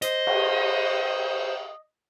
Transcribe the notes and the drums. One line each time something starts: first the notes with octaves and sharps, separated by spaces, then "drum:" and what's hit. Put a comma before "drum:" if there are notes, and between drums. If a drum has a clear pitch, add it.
C5 D#5, drum: hi-hat
drum: cymbal